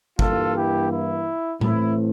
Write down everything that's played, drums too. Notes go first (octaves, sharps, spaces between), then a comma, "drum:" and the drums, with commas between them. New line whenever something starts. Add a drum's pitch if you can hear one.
G2 E3 G3 A#3 F4 A4, drum: kick
E4 G4
E4
A2 E3 A3 C4 E4, drum: tom A2